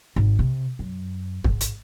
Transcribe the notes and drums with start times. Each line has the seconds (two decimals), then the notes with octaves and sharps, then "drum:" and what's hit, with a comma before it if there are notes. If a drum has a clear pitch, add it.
0.16 G#1
0.39 C3
0.79 F#2
1.44 G#2, drum: kick
1.61 drum: hi-hat